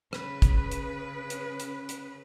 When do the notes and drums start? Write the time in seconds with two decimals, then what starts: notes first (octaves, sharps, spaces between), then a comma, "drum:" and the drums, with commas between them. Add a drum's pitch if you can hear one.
0.13 C#3 B4, drum: rim click
0.42 drum: kick, hi-hat
0.71 drum: hi-hat
1.30 drum: hi-hat
1.60 drum: hi-hat
1.89 drum: hi-hat